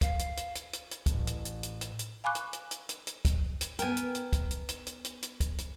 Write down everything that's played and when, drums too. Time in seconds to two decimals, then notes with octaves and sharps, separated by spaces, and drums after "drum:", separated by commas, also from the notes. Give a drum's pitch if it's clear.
0.01 F5, drum: kick, hi-hat
0.19 drum: hi-hat
0.37 drum: hi-hat
0.55 drum: hi-hat
0.73 drum: hi-hat
0.91 drum: hi-hat
1.06 A1, drum: kick, hi-hat
1.27 drum: hi-hat
1.45 drum: hi-hat
1.63 drum: hi-hat
1.81 drum: hi-hat
1.99 drum: hi-hat
2.24 F5 G#5 B5 C#6 D6 F#6
2.35 drum: hi-hat
2.53 drum: hi-hat
2.71 drum: hi-hat
2.89 drum: hi-hat
3.07 drum: hi-hat
3.25 drum: kick, hi-hat
3.61 drum: hi-hat
3.79 B3 A#4 G5 G#5, drum: hi-hat
3.97 drum: hi-hat
4.15 drum: hi-hat
4.33 drum: kick, hi-hat
4.51 drum: hi-hat
4.69 drum: hi-hat
4.87 drum: hi-hat
5.04 drum: hi-hat
5.22 drum: hi-hat
5.40 drum: kick, hi-hat
5.58 drum: hi-hat